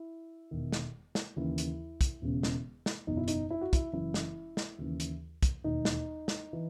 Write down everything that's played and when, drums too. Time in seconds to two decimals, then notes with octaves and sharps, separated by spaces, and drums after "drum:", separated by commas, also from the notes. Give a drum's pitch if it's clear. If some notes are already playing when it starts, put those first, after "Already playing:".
Already playing: E4
0.51 E1 E2 D#3
0.72 drum: snare
1.15 drum: snare
1.36 D#2 C#3 E3 E4
1.58 drum: hi-hat
2.01 drum: kick, hi-hat
2.22 E1 E2 C#3
2.43 drum: snare
2.86 drum: snare
3.07 F#1 E2 B2 D#4
3.17 E4
3.28 D#4, drum: hi-hat
3.50 E4
3.61 F#4
3.73 E4, drum: kick, hi-hat
3.92 F#1 F#2 E3 E4
4.14 drum: snare
4.57 drum: snare
4.78 D#2 C#3 E3
5.00 drum: hi-hat
5.43 drum: kick, hi-hat
5.64 E1 D#2 D#3 D#4
5.85 drum: snare
6.28 drum: snare
6.53 E3